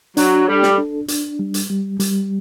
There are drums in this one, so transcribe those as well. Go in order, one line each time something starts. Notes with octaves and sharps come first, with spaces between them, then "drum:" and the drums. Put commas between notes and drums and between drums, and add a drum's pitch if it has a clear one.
F#3 D4, drum: hi-hat
G3 A4
drum: snare
D4
D4, drum: hi-hat
G3
drum: hi-hat
G3
G3, drum: hi-hat